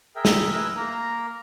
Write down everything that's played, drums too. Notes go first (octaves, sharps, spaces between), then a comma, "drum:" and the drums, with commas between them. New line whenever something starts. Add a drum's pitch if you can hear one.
G#4 A#4 E5 G5
drum: snare
E4 G#4 A#4 B4 E6
A#3 A#4 A#5